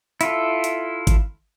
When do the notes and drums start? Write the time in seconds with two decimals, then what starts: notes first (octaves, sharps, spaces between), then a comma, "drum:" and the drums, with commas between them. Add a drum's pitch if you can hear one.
0.21 E4 F4 A4, drum: hi-hat
0.64 drum: hi-hat
1.07 drum: kick G#1, hi-hat